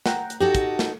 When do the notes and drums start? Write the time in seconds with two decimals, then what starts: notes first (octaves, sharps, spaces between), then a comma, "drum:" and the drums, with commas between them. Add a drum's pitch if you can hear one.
0.06 F#5 G5 A#5, drum: snare
0.30 drum: hi-hat
0.40 D#4 F#4 G4 A4
0.55 drum: kick, hi-hat
0.79 drum: snare